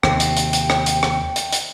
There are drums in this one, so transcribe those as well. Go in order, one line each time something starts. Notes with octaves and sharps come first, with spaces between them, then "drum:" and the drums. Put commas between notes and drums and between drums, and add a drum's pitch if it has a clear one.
D#2 C3 G5, drum: rim click
drum: hi-hat
drum: hi-hat
drum: hi-hat
drum: rim click
drum: hi-hat
drum: rim click
drum: hi-hat
drum: hi-hat